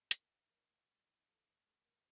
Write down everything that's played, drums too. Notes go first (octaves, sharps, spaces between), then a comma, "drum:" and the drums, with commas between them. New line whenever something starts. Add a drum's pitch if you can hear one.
A#3 A#4, drum: hi-hat
G3
E3 A#4
A2
G3
E3
A3 A4
A3
A3 A4
A#2 A#4